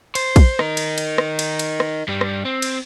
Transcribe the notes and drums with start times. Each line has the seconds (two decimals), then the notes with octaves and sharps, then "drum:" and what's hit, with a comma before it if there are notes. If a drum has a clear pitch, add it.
0.15 C5, drum: cymbal
0.36 drum: kick, cymbal
0.59 D#4 A#4, drum: rim click
0.77 drum: cymbal
0.98 drum: cymbal
1.18 drum: rim click
1.39 drum: cymbal
1.59 drum: cymbal
1.80 drum: rim click
2.08 G2 G3
2.21 drum: rim click
2.45 C4
2.62 drum: cymbal